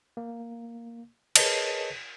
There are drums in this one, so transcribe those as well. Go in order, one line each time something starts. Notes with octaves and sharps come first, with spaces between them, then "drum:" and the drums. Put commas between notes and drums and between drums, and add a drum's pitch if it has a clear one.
A#3
G#4 A#4 B4 C#5 D#5 A5, drum: cymbal